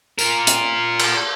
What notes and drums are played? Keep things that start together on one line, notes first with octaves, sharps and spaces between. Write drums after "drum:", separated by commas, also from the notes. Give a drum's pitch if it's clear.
F4 A#4, drum: tambourine
drum: hi-hat
drum: cymbal